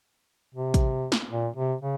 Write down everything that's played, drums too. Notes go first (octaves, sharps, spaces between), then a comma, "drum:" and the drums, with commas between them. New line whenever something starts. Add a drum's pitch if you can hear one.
C3
drum: kick, hi-hat
drum: snare
A#2
C3
C#3